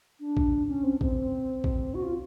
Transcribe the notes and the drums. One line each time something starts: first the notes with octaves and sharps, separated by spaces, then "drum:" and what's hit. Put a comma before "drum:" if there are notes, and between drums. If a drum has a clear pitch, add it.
D4
drum: kick A#1
C#4
C4
C4, drum: kick A#1
drum: kick A#1
F#4
F4